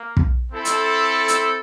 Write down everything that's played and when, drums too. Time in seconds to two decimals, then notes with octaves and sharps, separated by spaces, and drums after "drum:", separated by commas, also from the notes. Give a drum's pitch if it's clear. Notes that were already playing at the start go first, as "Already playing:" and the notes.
Already playing: A#3
0.17 drum: kick
0.52 C4 E4 A4
0.65 drum: hi-hat
1.28 drum: hi-hat